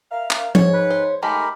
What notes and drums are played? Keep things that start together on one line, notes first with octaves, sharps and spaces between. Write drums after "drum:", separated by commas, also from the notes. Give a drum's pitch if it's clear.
A#4 E5 F5
drum: clap
G#2 C#5, drum: tom F3
B4
C5
D#3 G#3 A3 G4 A#4 A#5 B5